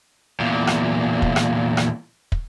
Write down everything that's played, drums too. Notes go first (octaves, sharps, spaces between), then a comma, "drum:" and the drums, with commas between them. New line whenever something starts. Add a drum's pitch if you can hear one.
E2 A#2
drum: rim click
drum: kick
drum: rim click
drum: rim click
drum: kick